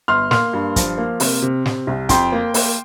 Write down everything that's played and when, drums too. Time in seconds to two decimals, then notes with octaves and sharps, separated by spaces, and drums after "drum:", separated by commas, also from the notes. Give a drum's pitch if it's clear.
0.08 G1 C6 F6
0.31 A#3 C6 F6, drum: snare
0.53 G2
0.76 F3, drum: kick, hi-hat
0.98 A#3
1.20 C3, drum: open hi-hat
1.42 C3
1.66 C3, drum: snare
1.87 C2
2.09 F2 G5 C6, drum: kick, hi-hat
2.32 A#3
2.54 A#3, drum: open hi-hat